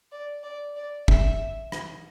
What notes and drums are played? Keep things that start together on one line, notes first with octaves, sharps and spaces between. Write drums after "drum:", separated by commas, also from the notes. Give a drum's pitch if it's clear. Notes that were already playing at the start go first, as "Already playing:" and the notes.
D5
D5
D5
E5, drum: kick
drum: rim click